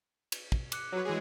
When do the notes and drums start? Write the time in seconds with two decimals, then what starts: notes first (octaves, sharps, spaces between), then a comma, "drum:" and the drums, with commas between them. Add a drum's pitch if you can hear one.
0.32 drum: cymbal
0.52 drum: kick
0.72 D6 F#6 C#7, drum: cymbal
0.92 F#3 F#4 B4 C#5
1.05 E3 G#3 G#4